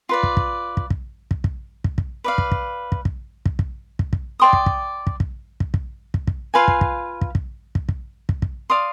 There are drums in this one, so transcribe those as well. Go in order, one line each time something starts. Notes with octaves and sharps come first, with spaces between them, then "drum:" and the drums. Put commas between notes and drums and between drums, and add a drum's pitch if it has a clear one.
F4 B4 D5
drum: kick
drum: kick
drum: kick
drum: kick
drum: kick
drum: kick
drum: kick
drum: kick
B4 D5 F5
drum: kick
drum: kick
drum: kick
drum: kick
drum: kick
drum: kick
drum: kick
drum: kick
D5 G5 C6 D#6
drum: kick
drum: kick
drum: kick
drum: kick
drum: kick
drum: kick
drum: kick
drum: kick
F4 B4 F5 G#5
drum: kick
drum: kick
drum: kick
drum: kick
drum: kick
drum: kick
drum: kick
drum: kick
D5 F5 C6 D#6